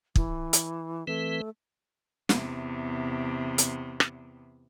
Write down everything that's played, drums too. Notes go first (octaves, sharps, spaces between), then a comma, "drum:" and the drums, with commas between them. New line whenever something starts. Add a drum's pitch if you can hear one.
E3, drum: kick
drum: hi-hat
E3 A3 C4 B4
E2 C3, drum: snare
drum: hi-hat
drum: rim click